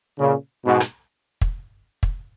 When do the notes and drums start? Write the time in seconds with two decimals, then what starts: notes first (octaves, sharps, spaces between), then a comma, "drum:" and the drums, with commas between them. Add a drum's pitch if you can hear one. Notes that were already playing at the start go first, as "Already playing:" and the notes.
0.19 A#2 C#3
0.65 G#2 B2
0.80 drum: rim click
1.41 drum: kick
2.03 drum: kick